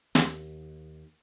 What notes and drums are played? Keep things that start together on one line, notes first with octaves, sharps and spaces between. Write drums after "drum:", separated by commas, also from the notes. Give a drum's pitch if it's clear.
D#2, drum: snare